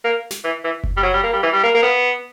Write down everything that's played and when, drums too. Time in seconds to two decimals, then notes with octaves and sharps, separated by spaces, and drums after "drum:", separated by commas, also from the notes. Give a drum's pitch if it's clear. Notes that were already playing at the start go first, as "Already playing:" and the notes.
0.04 A#3
0.31 drum: snare
0.44 E3
0.64 E3
0.84 drum: kick F#1
0.97 G3
1.03 F#3
1.14 G3
1.23 A#3
1.33 G3
1.43 E3
1.53 G3
1.63 A#3
1.75 A#3
1.83 B3